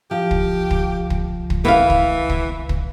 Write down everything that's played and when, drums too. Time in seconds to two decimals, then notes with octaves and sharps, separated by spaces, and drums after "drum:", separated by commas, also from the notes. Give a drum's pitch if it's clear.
0.11 F3 G4
0.31 drum: kick
0.71 drum: kick
1.10 drum: kick
1.50 drum: kick
1.65 E3 B3 F5
1.90 drum: kick
2.29 drum: kick
2.69 drum: kick